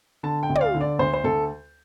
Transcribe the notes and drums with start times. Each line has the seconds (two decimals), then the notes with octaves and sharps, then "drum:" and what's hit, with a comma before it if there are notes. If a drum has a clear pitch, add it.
0.23 D3 A5
0.43 G5
0.49 D2
0.55 D5, drum: tom
0.61 F5
0.74 D3
0.81 D5
0.99 D2 C5
1.14 C5
1.24 D2 A4